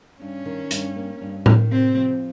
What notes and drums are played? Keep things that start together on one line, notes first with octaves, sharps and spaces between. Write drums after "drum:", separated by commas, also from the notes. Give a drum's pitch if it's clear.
G2 C#4
D#3
G2, drum: hi-hat
A#3
G2
D#3, drum: tom A2
C3 C4
F3